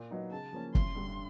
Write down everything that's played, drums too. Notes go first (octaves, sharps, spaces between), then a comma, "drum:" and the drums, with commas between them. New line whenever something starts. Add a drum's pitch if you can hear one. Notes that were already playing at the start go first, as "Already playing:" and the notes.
Already playing: A#2
F#3 B3 D#4
C#3 A5
F3 A#3 C#4
A1 C6, drum: kick
G2 D3 G3